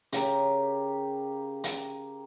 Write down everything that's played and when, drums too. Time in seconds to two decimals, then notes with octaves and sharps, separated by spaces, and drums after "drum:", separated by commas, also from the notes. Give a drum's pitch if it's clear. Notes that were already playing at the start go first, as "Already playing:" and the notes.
0.12 C#3 G4 A#4, drum: hi-hat
1.64 drum: hi-hat